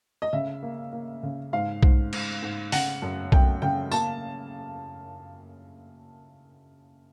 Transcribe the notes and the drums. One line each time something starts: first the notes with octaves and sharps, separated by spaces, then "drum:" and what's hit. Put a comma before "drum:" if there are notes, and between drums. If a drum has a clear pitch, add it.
D#5
C#3 E5
A#3
A#3
C#3
G#2 F5
G#2, drum: kick B1
G#2, drum: cymbal
G#2
C#3 F#5, drum: open hi-hat
F#2
F#2 G5, drum: kick B1
C#3 G5
A#3 A5, drum: tambourine